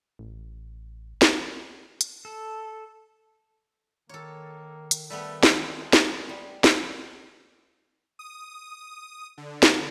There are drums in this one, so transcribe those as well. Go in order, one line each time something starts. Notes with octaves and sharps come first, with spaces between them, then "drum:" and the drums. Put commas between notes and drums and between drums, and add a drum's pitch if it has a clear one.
A1
drum: snare
drum: hi-hat
A4
D#3 A#3 A4 C#5
drum: hi-hat
G3 A3 B3 A4
G#3, drum: snare
drum: snare
G3
drum: snare
D#6
D3
drum: snare